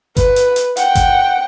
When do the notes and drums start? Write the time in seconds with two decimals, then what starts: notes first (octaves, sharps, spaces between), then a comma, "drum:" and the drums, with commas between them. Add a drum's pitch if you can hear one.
0.17 B4, drum: kick G1, hi-hat
0.36 drum: hi-hat
0.56 drum: hi-hat
0.77 F#5 G5, drum: hi-hat
0.95 drum: kick G1, hi-hat